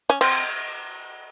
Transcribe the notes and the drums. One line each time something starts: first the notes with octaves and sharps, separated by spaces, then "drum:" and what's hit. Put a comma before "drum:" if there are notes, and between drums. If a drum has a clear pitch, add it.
C#4
C4, drum: cymbal